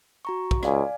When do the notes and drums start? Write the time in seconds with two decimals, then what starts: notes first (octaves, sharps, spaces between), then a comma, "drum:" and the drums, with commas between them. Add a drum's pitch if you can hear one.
0.25 F#4 A#5 C#6
0.51 drum: kick
0.63 C#2 D5 F5 G#5, drum: rim click